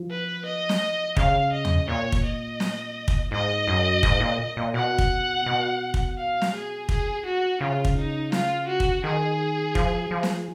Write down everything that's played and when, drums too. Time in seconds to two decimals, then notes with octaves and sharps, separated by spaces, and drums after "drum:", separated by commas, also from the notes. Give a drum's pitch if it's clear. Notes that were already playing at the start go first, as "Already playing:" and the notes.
Already playing: F3
0.10 B4
0.46 D#5
0.69 drum: snare
1.17 C#3 F5, drum: kick
1.52 D#5
1.65 drum: tom
1.88 A#2 C#5
2.12 drum: kick
2.24 D#5
2.60 drum: snare
3.08 drum: kick
3.32 G#2 D#5
3.68 F#2
4.03 G#2, drum: kick
4.20 A#2
4.57 A#2
4.74 B2 F#5
4.98 drum: kick
5.46 B2
5.94 drum: kick
6.18 F5
6.42 drum: snare
6.54 G#4
6.89 G#4, drum: kick
7.26 F#4
7.61 C#3 F4
7.85 drum: kick
7.97 D#4
8.32 F4, drum: snare
8.68 F#4
8.80 drum: kick
9.04 D#3 G#4
9.75 F3, drum: kick
10.11 F3
10.23 drum: snare